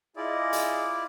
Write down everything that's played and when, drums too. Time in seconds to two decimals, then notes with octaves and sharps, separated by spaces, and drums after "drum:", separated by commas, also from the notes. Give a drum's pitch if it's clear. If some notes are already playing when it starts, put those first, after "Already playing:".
0.16 E4 F4 G#4 D5 D#5
0.53 drum: hi-hat